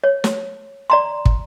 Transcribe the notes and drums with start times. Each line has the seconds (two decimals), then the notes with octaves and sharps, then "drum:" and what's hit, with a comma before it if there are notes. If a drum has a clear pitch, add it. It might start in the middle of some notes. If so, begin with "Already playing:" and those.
0.04 C#5
0.24 drum: snare
0.90 D5 A#5 C6
1.25 drum: kick